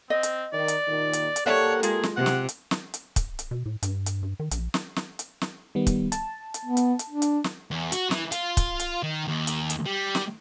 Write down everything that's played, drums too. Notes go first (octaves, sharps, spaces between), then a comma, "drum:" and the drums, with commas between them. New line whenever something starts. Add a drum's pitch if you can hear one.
C4 D#5
drum: hi-hat
D#3 D5
drum: hi-hat
D#2 A#2 D#3
drum: hi-hat
drum: hi-hat
A#3 G4 A4 C#5 D5 E5 F#5 A5
G#3 F4 G#4, drum: hi-hat
drum: snare
C3 F#5
drum: snare
drum: hi-hat
drum: snare
drum: hi-hat
drum: kick, hi-hat
drum: hi-hat
B2
A2
G2, drum: hi-hat
drum: hi-hat
G2
D#3
A#1, drum: hi-hat
drum: snare
drum: snare
drum: hi-hat
drum: snare
D#3 G3 B3
drum: kick, hi-hat
A5, drum: hi-hat
drum: hi-hat
B3
drum: hi-hat
drum: hi-hat
D4
drum: hi-hat
drum: snare
E2
F#4, drum: hi-hat
E3, drum: snare
F4, drum: hi-hat
drum: kick, hi-hat
drum: hi-hat
D#3
D#2
drum: hi-hat
drum: hi-hat
G3
drum: snare